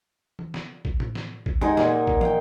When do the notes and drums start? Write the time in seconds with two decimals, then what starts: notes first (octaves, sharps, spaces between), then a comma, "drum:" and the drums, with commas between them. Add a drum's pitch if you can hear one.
0.39 drum: tom E3
0.54 drum: snare
0.85 drum: kick A1
1.00 drum: tom A2
1.15 drum: snare
1.46 drum: kick A1
1.61 G#3 D#4 F#5 G#5, drum: tom E2
1.77 A#2, drum: snare
2.07 drum: kick A1
2.21 F5 G5, drum: tom